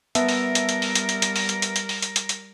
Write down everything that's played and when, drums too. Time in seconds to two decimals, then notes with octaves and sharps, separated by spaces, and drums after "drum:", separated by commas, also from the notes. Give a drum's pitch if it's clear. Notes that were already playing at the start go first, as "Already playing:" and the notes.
0.15 G3 B3 A#4 E5 A5, drum: hi-hat
0.29 drum: open hi-hat
0.55 drum: hi-hat
0.69 drum: hi-hat
0.82 drum: open hi-hat
0.95 drum: hi-hat
1.09 drum: hi-hat
1.22 drum: hi-hat
1.36 drum: open hi-hat
1.49 drum: hi-hat
1.62 drum: hi-hat
1.76 drum: hi-hat
1.89 drum: open hi-hat
2.02 drum: hi-hat
2.16 drum: hi-hat
2.29 drum: hi-hat